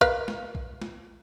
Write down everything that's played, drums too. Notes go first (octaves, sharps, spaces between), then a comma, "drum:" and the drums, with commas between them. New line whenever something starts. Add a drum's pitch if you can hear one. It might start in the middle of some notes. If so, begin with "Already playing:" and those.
A#4 B4 F5, drum: kick A#1
drum: snare
drum: kick A#1
drum: snare